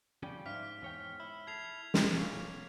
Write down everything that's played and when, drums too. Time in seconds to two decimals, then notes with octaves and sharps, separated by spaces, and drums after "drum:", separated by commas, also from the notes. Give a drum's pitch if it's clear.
0.23 D3 F3 G3 C#4 G5
0.46 G#2 E5 F5 F6 B6
0.82 E2 C#5 G5
1.20 E4
1.47 A4 G#6 C7 F7
1.94 drum: snare
2.13 B2 A#3 G#4 C#5